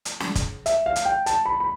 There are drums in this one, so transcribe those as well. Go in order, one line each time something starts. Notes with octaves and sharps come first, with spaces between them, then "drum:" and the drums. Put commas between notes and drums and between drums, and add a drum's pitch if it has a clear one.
drum: hi-hat
drum: snare
drum: kick, hi-hat
E5, drum: hi-hat
F5
drum: hi-hat
G5
A5, drum: hi-hat
B5
B5